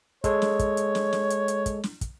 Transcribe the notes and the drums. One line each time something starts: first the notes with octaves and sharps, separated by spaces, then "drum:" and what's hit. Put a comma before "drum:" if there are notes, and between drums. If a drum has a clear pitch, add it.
G#3 A4 C#5, drum: kick, hi-hat
drum: snare
drum: kick, hi-hat
drum: hi-hat
drum: snare
drum: snare
drum: hi-hat
drum: hi-hat
drum: kick, hi-hat
drum: snare
drum: kick, hi-hat